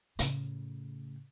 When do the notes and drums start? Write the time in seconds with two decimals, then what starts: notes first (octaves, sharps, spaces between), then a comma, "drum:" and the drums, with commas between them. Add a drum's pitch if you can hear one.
0.19 A2 C#3, drum: hi-hat